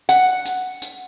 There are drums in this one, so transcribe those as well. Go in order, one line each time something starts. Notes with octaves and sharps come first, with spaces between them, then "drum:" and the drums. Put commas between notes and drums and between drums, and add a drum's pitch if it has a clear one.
F#5, drum: hi-hat
drum: hi-hat
drum: hi-hat